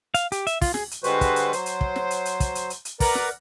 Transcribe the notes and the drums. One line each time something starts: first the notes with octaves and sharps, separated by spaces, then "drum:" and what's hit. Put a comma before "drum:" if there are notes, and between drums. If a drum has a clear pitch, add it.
F5, drum: hi-hat
G4, drum: hi-hat
E5, drum: hi-hat
F4, drum: kick, open hi-hat
G#4, drum: snare
drum: hi-hat
D3 G3 G#3 F#4 B4 C5, drum: hi-hat
drum: kick, hi-hat
drum: hi-hat
F#3 C5, drum: hi-hat
drum: hi-hat
drum: kick
drum: snare
drum: hi-hat
drum: hi-hat
drum: kick, hi-hat
drum: hi-hat
drum: hi-hat
drum: hi-hat
A#4 B4 D5 F#5 A#5, drum: kick, open hi-hat
drum: snare